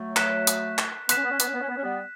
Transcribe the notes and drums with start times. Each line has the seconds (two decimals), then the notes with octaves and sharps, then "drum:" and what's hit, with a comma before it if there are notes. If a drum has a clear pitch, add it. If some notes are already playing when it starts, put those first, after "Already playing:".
Already playing: F#3 A3
0.16 F#6 B6 E7, drum: clap
0.47 drum: hi-hat
0.78 drum: clap
1.09 B3 F#6 B6 E7, drum: hi-hat
1.17 C#4
1.24 B3
1.31 C#4
1.40 B3, drum: hi-hat
1.46 C#4
1.53 B3
1.61 C#4
1.69 B3
1.77 C#4
1.83 G3 B3